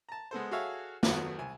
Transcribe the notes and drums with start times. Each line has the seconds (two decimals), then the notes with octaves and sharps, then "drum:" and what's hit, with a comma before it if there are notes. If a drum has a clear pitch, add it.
0.09 A5 A#5
0.31 G#3 B3 A4 C5
0.51 F#4 G#4 A4 C#5 E5 F5
1.03 D#2 D#3 F#3 A3 B3, drum: snare
1.39 C2 G#5